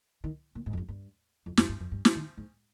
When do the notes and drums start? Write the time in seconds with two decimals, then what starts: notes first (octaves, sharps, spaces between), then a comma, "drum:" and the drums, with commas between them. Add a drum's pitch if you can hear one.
0.24 D#3
0.55 A#2
0.66 G#2
0.73 F2
0.77 G2
0.88 G2
1.46 F2
1.57 F2, drum: snare
1.69 G2
1.80 F2
1.92 G2
2.05 drum: snare
2.15 D#3
2.37 G#2